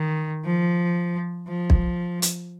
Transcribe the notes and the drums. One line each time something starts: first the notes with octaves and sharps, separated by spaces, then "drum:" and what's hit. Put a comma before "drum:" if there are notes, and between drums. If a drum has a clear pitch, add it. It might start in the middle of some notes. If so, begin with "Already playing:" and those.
Already playing: D#3
F3
F3
drum: kick B1
drum: hi-hat